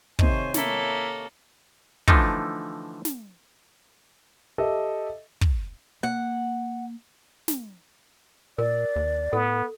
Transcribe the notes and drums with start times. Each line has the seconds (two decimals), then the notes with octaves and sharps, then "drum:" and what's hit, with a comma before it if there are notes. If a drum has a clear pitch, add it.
0.19 C3 D#3 A3 D#4 A4 C5 C#5 G#5, drum: kick
0.54 A#3 C#4 E4 F4 A4, drum: snare
2.08 D3 E3 F3 A3 D#4, drum: kick
3.05 drum: snare
4.58 G4 A4 D#5 E5
5.41 drum: kick
6.03 A#3 F#5
7.48 drum: snare
8.58 A#2 A#4 D5
8.96 D#2
9.33 A2 B3 A4